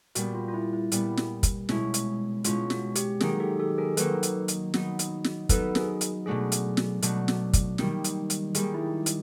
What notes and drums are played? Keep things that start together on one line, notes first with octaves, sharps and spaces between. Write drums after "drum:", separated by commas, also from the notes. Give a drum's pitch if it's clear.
A#2 G3 B3 F#4, drum: hi-hat
F4
F4
E4
E4
A#2 G3 B3, drum: hi-hat
drum: snare
drum: kick, hi-hat
B2 G#3 C#4 E4, drum: snare
drum: hi-hat
B2 G#3 C#4 E4 F4, drum: hi-hat
F#4, drum: snare
G4, drum: hi-hat
D#3 F#3 A#3 D#4 G#4, drum: snare
G#4
G4 A4
G4 A4
G#4 A#4
D#3 F#3 A#3 D#4 A4 B4, drum: hi-hat
drum: hi-hat
drum: hi-hat
F#3 B3 D#4, drum: snare
drum: hi-hat
drum: snare
F#3 B3 D#4 A4 B4, drum: kick, hi-hat
G#4 A#4, drum: snare
drum: hi-hat
B2 F#3 A3 D4 G#4
drum: hi-hat
drum: snare
B2 F#3 A3 D4, drum: hi-hat
drum: snare
drum: kick, hi-hat
D#3 G3 A#3 D#4, drum: snare
drum: hi-hat
drum: hi-hat
D#3 G3 A#3 D#4 G#4, drum: hi-hat
E4
drum: hi-hat